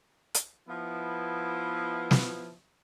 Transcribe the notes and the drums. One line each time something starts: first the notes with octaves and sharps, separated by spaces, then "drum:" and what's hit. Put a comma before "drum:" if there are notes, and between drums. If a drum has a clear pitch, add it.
drum: hi-hat
F3 B3 E4
drum: snare